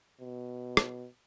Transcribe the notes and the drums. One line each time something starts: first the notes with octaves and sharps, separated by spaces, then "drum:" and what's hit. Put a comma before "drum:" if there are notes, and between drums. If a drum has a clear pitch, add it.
B2
drum: rim click